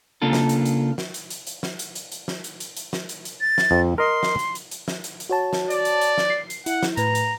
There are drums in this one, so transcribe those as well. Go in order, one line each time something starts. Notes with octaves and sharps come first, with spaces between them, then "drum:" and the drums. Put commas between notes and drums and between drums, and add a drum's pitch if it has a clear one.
C#3 A#3 D4 F4 A4
drum: snare
drum: hi-hat
drum: hi-hat
drum: snare
drum: hi-hat
drum: hi-hat
drum: hi-hat
drum: snare
drum: hi-hat
drum: hi-hat
drum: hi-hat
drum: snare
drum: hi-hat
drum: hi-hat
drum: hi-hat
drum: snare
drum: hi-hat
drum: hi-hat
A6
drum: snare
F2
A#4 D#5 C6
drum: snare
drum: hi-hat
drum: hi-hat
drum: hi-hat
drum: snare
drum: hi-hat
drum: hi-hat
F#4 C#5 A5
drum: snare
D5, drum: hi-hat
drum: hi-hat
drum: hi-hat
drum: snare
C7
drum: hi-hat
E4 F#5, drum: hi-hat
drum: snare
A2 B4 A#5, drum: hi-hat
drum: hi-hat